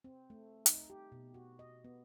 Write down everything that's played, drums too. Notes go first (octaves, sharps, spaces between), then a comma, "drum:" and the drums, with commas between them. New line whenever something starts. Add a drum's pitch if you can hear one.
C4
A3
D#4, drum: hi-hat
G4
B2
F#4
D#5
B3